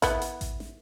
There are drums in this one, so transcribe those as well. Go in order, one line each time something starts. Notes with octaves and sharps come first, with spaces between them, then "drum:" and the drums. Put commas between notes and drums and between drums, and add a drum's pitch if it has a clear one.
B3 E4, drum: kick A1, hi-hat
drum: hi-hat
drum: kick A1, hi-hat
drum: snare